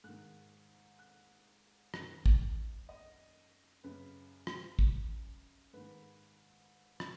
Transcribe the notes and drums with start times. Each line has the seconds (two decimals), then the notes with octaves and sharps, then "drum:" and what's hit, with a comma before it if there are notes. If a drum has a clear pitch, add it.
0.04 G#2 D#3 F#6
0.99 F#6
1.94 F#2 D#3 F#6, drum: rim click
2.26 drum: kick
2.89 D#5
3.84 F#2 C#3 B4
4.47 drum: rim click
4.79 drum: kick
5.73 G#2 D#3 B4
7.00 drum: rim click